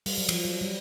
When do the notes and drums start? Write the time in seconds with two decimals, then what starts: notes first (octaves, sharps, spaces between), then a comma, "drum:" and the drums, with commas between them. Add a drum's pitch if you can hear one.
0.06 G3, drum: open hi-hat
0.18 F#3
0.29 F3, drum: cymbal
0.45 F#3
0.61 G3